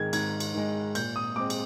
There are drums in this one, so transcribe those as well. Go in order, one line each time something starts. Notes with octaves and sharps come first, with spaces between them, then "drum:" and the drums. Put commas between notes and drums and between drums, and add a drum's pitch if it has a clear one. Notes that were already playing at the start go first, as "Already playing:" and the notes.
Already playing: G#2 D#3 G#3 G#6
G#2 G#6, drum: cymbal
drum: cymbal
D#3 G#3
A#2 G6, drum: cymbal
D#6
G#3 C4 D6
drum: cymbal